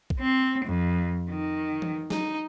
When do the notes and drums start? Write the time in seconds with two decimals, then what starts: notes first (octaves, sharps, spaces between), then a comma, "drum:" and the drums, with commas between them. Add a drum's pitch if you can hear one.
0.10 drum: kick B1
0.20 C4
0.65 F2
1.30 D#3
1.82 drum: tom E3
2.10 D#4, drum: snare